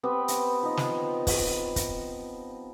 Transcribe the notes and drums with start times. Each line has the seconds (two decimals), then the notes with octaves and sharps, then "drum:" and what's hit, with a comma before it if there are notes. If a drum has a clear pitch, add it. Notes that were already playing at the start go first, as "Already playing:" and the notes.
0.03 B3 C4 G4 B4
0.28 drum: hi-hat
0.63 F3 D#4 F4
0.77 drum: snare
1.27 drum: kick, open hi-hat
1.76 drum: kick, hi-hat